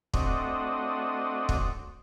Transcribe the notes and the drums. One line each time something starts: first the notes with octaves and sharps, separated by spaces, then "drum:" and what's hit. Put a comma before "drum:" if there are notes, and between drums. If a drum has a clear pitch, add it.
A3 C4 D4 F#4 D#5, drum: kick
drum: kick